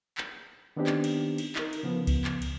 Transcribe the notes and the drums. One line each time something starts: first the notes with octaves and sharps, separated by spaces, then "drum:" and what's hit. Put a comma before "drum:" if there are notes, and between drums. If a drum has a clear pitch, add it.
drum: clap
D#3 B3 C4 D4 D#4 G4
drum: clap
drum: cymbal
drum: cymbal
D#4 A#4, drum: clap
drum: cymbal
C#3 F3 B3
drum: kick C2, cymbal
drum: clap
drum: cymbal